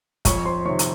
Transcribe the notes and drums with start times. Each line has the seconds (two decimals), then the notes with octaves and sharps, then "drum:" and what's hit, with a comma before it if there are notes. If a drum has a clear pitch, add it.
0.25 F2 C#5 C#6, drum: kick, hi-hat
0.45 C5 C6
0.65 C3 D#3 C#5 C#6
0.79 drum: hi-hat